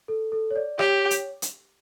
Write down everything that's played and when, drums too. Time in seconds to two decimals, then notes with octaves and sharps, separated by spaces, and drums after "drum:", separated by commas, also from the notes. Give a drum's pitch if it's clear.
0.08 A4
0.32 A4
0.51 C#5
0.56 D5
0.79 G4 C#5, drum: rim click
1.11 drum: hi-hat
1.42 drum: hi-hat